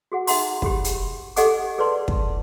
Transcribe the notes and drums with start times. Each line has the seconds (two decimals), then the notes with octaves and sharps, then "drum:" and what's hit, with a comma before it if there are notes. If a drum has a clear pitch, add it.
0.12 F#4 G#4 F#5
0.27 D#4 G#4 E5 F#5 A#5 C6, drum: open hi-hat
0.62 G4 G#4 B5, drum: kick
0.84 drum: hi-hat
1.36 G4 A4 D#5 F#5 G#5 D6, drum: hi-hat
1.78 G#4 B4 D5 A5 C6
2.08 drum: kick